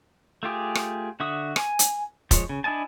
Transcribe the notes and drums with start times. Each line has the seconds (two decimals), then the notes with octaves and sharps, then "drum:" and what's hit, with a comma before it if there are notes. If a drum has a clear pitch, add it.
0.43 A3 F4 G4 G#4
0.75 drum: rim click
1.20 D3 F#4 E5 D#6
1.56 G#5, drum: rim click
1.79 drum: hi-hat
2.31 F3 G#3 C#5, drum: kick E1, hi-hat
2.49 C#3
2.64 D4 E4 D#5 G#5 A5